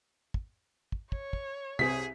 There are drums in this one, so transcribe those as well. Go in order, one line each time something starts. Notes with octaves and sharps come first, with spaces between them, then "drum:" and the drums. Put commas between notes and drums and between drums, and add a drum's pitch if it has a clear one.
drum: kick
drum: kick
C#5, drum: kick
drum: kick
C2 C4 G#4 B6, drum: tom